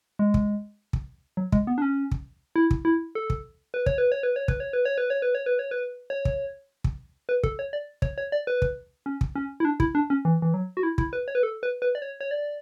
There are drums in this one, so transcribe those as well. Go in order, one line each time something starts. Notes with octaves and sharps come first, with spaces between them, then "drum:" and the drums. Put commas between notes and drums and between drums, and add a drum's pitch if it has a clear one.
G#3
drum: kick
drum: kick
F#3
G#3, drum: kick
B3
D4
C#4
drum: kick
E4
drum: kick
E4
A4
drum: kick
B4
C#5, drum: kick
B4
C#5
B4
C#5
B4, drum: kick
C#5
B4
C#5
B4
C#5
B4
C#5
B4
C#5
B4
C#5
drum: kick
drum: kick
B4
A4, drum: kick
C#5
D5
C#5, drum: kick
C#5
D5
B4
drum: kick
C#4
drum: kick
C#4
E4
D4
E4, drum: kick
D4
C#4
E3
E3
F#3
F#4
E4
E4, drum: kick
B4
C#5
B4
A4
B4
B4
D5
C#5
C#5
D5